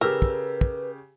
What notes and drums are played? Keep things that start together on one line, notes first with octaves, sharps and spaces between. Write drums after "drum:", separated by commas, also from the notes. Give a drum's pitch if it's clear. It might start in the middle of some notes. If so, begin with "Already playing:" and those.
C#3 G4 A#4 B4 E6
drum: kick
drum: kick